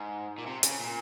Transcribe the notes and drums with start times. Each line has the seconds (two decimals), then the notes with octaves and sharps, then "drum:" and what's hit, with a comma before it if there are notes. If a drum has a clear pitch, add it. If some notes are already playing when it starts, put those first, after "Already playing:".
Already playing: G#2
0.38 A#2
0.46 C3
0.63 C#3, drum: hi-hat
0.80 A#2